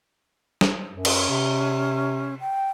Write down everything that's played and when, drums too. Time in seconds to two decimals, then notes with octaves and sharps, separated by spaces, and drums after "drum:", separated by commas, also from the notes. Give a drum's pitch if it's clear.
0.61 drum: snare
0.90 F#2
1.05 C#4, drum: cymbal
1.29 C3
2.40 G5